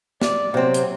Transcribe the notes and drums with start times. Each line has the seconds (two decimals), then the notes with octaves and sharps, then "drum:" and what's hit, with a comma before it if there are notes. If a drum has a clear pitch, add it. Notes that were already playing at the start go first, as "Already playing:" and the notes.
0.22 D5, drum: snare
0.54 C3 F#3 C4
0.74 drum: hi-hat